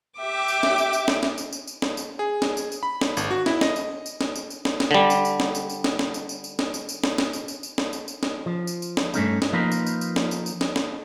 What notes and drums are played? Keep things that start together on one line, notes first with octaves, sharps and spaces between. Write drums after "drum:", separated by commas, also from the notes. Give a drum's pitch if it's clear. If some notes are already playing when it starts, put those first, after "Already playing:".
G4 E5 D6
drum: tambourine
drum: snare
drum: tambourine
drum: tambourine
drum: snare
drum: snare
drum: tambourine
drum: tambourine
drum: tambourine
drum: snare
drum: tambourine
G#4
drum: snare
drum: tambourine
drum: tambourine
B5
drum: snare
G#1, drum: tambourine
F#4
E4, drum: snare
D#5, drum: snare
drum: tambourine
drum: tambourine
drum: snare
drum: tambourine
drum: tambourine
drum: snare
drum: snare
D3 G3
drum: tambourine
drum: tambourine
drum: snare
drum: tambourine
drum: tambourine
drum: snare
drum: snare
drum: tambourine
drum: tambourine
drum: tambourine
drum: snare
drum: tambourine
drum: tambourine
drum: snare
drum: snare
drum: tambourine
drum: tambourine
drum: tambourine
drum: snare
drum: tambourine
drum: tambourine
drum: snare
F3
drum: tambourine
drum: tambourine
drum: snare
G2 A3 C#4 D#4, drum: tambourine
drum: snare
F3 A#3 D#4 F4 A#4 B4
drum: tambourine
drum: tambourine
drum: tambourine
drum: snare
drum: tambourine
drum: tambourine
drum: snare
drum: snare